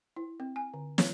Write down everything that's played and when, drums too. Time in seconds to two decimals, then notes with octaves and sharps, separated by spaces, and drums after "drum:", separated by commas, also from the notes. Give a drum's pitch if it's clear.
0.17 E4
0.40 C4
0.56 G#5
0.74 D3
0.98 C#5, drum: snare